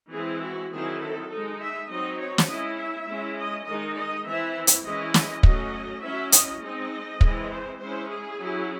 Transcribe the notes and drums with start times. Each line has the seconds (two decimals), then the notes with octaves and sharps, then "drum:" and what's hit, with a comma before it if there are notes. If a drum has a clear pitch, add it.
0.13 E3 G#3 C4 E4 G#4
0.42 F#4
0.72 D#3 F#3 C4 E4 G#4
1.01 A4
1.30 G#3 D#4
1.60 E5
1.89 F#3 C4 D#4 D#5
2.19 C#5
2.38 drum: snare
2.49 G#3 C#4 E4 D#5
2.78 E5
3.08 G#3 C#4 E4
3.37 D#5
3.67 D#3 G#3 D#4 D#5
3.96 D#5
4.26 E3 C4 E4 E5
4.67 drum: hi-hat
4.84 E3 G#3 C#4 E4 D#5
5.14 D#5, drum: snare
5.43 F#3 A3 C#4, drum: kick
6.02 F#3 C#4 E4 E5
6.32 D#5, drum: hi-hat
6.61 G#3 C4 D#4 D#5
7.21 E3 G#3 C4 E4, drum: kick
7.50 C5
7.79 G#3 C#4 E4 C5
8.09 G#4
8.38 F#3 C#4 E4